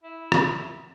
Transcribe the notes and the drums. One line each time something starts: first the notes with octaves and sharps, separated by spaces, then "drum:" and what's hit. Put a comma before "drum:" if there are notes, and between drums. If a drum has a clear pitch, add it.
E4
drum: rim click